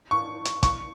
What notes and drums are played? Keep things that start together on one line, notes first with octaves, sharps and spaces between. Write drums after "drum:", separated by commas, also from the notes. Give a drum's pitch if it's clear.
C#6
drum: hi-hat
C#6, drum: kick, hi-hat